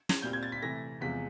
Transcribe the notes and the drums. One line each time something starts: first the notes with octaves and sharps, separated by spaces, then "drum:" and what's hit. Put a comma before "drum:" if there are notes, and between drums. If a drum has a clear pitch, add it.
G#6, drum: snare
A#2 G3 C4 G6
G#6
A6
B6
C3 E3 A3 A#6
E2 C3 F3 G#3 B6